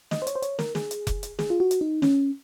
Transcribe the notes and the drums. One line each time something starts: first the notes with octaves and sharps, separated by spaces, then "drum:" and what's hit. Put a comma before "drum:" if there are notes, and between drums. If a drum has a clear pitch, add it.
D#5, drum: snare
C5
C#5, drum: hi-hat
C5
C#5, drum: hi-hat
A#4, drum: snare
G#4, drum: snare
drum: hi-hat
drum: kick F1, hi-hat
drum: hi-hat
G#4, drum: snare
F4
F#4
drum: hi-hat
D#4
C#4, drum: snare